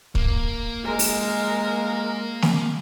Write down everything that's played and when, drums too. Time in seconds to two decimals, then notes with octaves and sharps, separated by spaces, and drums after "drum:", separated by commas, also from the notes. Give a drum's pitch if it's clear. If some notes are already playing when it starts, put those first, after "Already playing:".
0.15 A#3, drum: kick
0.84 G#3 A#4
0.99 drum: open hi-hat
2.42 drum: snare